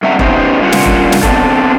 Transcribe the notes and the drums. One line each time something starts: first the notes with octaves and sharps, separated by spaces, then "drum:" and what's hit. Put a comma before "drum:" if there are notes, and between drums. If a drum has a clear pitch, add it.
G2 A3 C4 E5 F#5 A#5
B3 C#4 D#4 G4 C5, drum: kick E1
G2 A#3 C#4 F4 G4 F#5
drum: snare
drum: kick E1
drum: snare
B3 C4 D4 A4, drum: kick E1